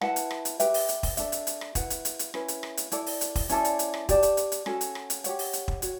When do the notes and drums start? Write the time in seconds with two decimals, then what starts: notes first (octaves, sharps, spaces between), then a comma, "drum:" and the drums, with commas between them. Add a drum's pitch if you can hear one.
0.01 E4 B4 F#5 A5, drum: rim click
0.16 drum: hi-hat
0.31 drum: rim click
0.45 drum: hi-hat
0.60 G4 B4 E5 G5, drum: hi-hat
0.74 drum: open hi-hat
0.89 drum: hi-hat
1.03 drum: kick, open hi-hat
1.17 D4 A4 E5, drum: hi-hat
1.32 drum: hi-hat
1.47 drum: hi-hat
1.61 drum: rim click
1.75 E4 B4 F#5, drum: kick, hi-hat
1.90 drum: hi-hat
2.05 drum: hi-hat
2.19 drum: hi-hat
2.34 C#4 E4 B4, drum: rim click
2.48 drum: hi-hat
2.63 drum: rim click
2.77 drum: hi-hat
2.92 E4 A4 D5, drum: hi-hat
3.06 drum: open hi-hat
3.21 drum: hi-hat
3.35 drum: kick, open hi-hat
3.49 C#4 E4 A4 D5, drum: hi-hat
3.65 drum: hi-hat
3.79 drum: hi-hat
3.94 drum: rim click
4.09 G4 D5 A5, drum: kick, hi-hat
4.23 drum: hi-hat
4.37 drum: hi-hat
4.52 drum: hi-hat
4.66 C#4 F#4 A4, drum: rim click
4.81 drum: hi-hat
4.95 drum: rim click
5.10 drum: hi-hat
5.24 G4 C#5 F#5, drum: hi-hat
5.39 drum: open hi-hat
5.53 drum: hi-hat
5.68 drum: kick
5.82 F#4 C#5, drum: hi-hat